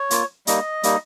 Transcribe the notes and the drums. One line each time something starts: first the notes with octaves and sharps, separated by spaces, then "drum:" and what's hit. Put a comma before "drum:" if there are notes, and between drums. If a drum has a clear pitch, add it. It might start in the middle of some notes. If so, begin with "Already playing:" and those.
Already playing: C#5
A#3 F4, drum: hi-hat
G3 A#3 D#4 D#5, drum: hi-hat
G3 A#3 D#4, drum: hi-hat